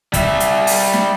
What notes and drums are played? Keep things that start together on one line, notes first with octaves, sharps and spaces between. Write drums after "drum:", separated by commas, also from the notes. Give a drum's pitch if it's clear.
G3 E5, drum: kick, hi-hat
drum: hi-hat
drum: open hi-hat
drum: snare